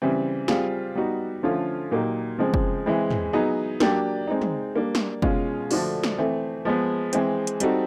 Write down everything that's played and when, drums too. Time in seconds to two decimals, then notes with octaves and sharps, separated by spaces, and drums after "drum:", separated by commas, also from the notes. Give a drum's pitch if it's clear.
0.02 C#3 E3 G3 C4
0.48 G3 C4 F4 G#4, drum: snare
0.95 G3 B3 D#4 F#4
1.43 D3 F3 A3 C#4 F4
1.91 A#2 F#3 A#3 D#4 G4
2.38 C#3 F3 G#3 C4
2.54 drum: kick
2.86 E3 G#3 C4 E4
3.10 drum: tom
3.33 F#3 B3 D#4 G#4
3.80 F#3 A#3 D4 G4, drum: snare
4.28 G#3 C4 D#4
4.42 drum: tom
4.76 G3 A#3 D4
4.95 drum: snare
5.22 B2 G#3 C#4 F4, drum: kick
5.71 D3 F3 A3 D4 F#4, drum: open hi-hat
6.03 drum: snare
6.18 E3 A3 C4
6.65 F3 G#3 B3
7.13 E3 G#3 C4, drum: hi-hat
7.47 drum: hi-hat
7.60 G3 C4 D#4 F#4 A4, drum: hi-hat